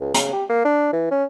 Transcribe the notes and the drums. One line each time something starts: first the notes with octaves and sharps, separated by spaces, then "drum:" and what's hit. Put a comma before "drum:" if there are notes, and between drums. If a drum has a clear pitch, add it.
C#2
C#3, drum: hi-hat
G4
A#3
D4
E3
C#4